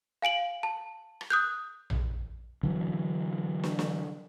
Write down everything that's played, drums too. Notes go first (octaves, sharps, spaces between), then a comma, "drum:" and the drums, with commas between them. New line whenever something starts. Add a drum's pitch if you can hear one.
F5 G#5 D7 F#7
A5
drum: rim click
D#6 F#6 G6
drum: tom A#1
D3 E3 F#3
drum: snare
drum: snare